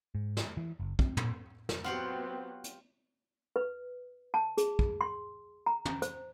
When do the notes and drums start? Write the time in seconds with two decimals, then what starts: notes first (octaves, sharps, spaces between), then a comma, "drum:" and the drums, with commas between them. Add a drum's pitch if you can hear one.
0.15 G#2
0.37 drum: snare
0.57 E3
0.80 F#1
0.99 C4, drum: kick
1.17 A#2, drum: tom
1.69 drum: snare
1.84 F#3 B3 C4 F4 G4 F#5 C6
2.64 drum: hi-hat
3.56 B4
4.34 A5
4.57 G#4, drum: hi-hat
4.79 drum: kick
5.01 C6
5.66 A#5
5.85 drum: tom
6.02 C5, drum: hi-hat